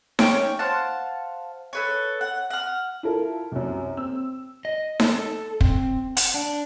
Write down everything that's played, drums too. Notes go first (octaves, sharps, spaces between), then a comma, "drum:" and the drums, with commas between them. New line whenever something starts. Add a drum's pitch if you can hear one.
C#4 G4 C#5 G5, drum: snare D#4
C5 F5 F#5 A5
A4 B4 C#5
F#5
F#5 F6
E4 F4 A4 A#4
C2 F#2
C4 E6
D#5
drum: snare D#4
A4
C4, drum: kick
F#5, drum: hi-hat
D4